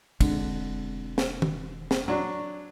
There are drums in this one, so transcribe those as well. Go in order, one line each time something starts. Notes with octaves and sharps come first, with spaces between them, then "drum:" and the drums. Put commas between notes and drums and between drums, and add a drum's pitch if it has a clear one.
E1 D3 G#3 C4, drum: kick, cymbal
drum: snare
drum: tom
drum: snare
F#3 D4 C#6